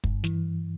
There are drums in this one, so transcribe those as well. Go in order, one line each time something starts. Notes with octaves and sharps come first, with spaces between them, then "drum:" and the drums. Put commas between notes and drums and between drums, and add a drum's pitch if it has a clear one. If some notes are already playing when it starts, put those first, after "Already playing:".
G2, drum: kick
E3, drum: snare